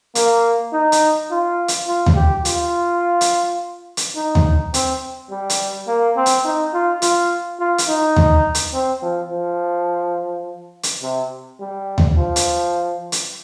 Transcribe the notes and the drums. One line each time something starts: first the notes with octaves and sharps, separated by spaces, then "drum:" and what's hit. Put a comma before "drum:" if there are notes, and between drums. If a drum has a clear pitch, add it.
A#3, drum: hi-hat
D#4
drum: hi-hat
F4
drum: hi-hat
F4
drum: tom D#2
G4
F4, drum: hi-hat
drum: hi-hat
drum: hi-hat
D#4
drum: tom D#2
C4, drum: hi-hat
G3
drum: hi-hat
A#3
C4
drum: hi-hat
D#4
F4
F4, drum: hi-hat
F4
drum: hi-hat
D#4
drum: tom D#2
drum: hi-hat
C4
F3
F3
drum: hi-hat
C3
G3
drum: tom D#2
F3
drum: hi-hat
drum: hi-hat